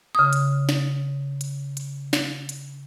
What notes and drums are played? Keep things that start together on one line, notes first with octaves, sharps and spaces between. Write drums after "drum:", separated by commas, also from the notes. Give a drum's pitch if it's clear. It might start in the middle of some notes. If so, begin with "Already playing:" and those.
C#3 D#6
drum: hi-hat
drum: snare
drum: hi-hat
drum: hi-hat
drum: snare
drum: hi-hat